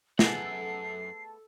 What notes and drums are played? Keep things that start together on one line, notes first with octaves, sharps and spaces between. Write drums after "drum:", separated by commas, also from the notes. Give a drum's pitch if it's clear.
F#2 A3 B3 G#4 A4 F#5 C7, drum: snare